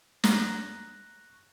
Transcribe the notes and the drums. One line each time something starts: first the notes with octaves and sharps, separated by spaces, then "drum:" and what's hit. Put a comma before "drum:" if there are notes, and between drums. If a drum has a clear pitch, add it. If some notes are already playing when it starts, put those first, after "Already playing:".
A#5 C#6 F#6 A#6, drum: snare